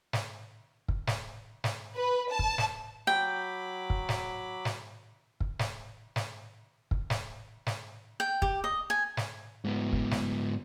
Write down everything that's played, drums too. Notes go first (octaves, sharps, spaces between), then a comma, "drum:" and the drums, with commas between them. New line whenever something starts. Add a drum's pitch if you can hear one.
drum: snare
drum: kick
drum: snare
drum: snare
B4
A5
drum: kick
drum: snare
F#3 G5 B5 D6
drum: kick
drum: snare
drum: snare
drum: kick
drum: snare
drum: snare
drum: kick
drum: snare
drum: snare
G5
G4, drum: kick
D#5
G#5
drum: snare
G#2 B3
drum: kick
drum: snare